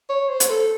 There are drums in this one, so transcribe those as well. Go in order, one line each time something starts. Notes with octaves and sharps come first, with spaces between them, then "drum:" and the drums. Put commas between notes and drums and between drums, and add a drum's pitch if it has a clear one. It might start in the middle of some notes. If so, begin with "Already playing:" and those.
C#5
C5
drum: hi-hat
A4